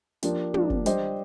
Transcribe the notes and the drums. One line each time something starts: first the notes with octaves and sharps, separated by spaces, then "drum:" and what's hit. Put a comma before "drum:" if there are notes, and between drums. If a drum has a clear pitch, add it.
F3 A#3 D4 G4, drum: hi-hat
F3 A#3 D4 G4, drum: tom
drum: kick
G3 D4 G4 C5 D#5, drum: hi-hat